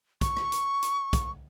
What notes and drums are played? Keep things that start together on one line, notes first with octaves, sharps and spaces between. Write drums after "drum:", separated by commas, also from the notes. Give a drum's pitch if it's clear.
C#6, drum: kick, hi-hat
drum: rim click
drum: hi-hat
drum: hi-hat
drum: kick, hi-hat